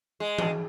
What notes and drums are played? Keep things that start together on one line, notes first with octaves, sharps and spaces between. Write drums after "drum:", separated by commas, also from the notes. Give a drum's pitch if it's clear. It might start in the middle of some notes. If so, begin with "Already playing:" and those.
G#3
drum: tom E3